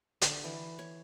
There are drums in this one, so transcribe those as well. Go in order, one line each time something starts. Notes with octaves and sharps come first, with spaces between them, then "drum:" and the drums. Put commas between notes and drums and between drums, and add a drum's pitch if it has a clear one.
D3, drum: hi-hat
E3
C#5